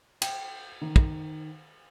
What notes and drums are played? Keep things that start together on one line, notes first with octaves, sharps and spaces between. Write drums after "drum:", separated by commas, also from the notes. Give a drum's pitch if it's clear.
G5, drum: cymbal
D#3
drum: kick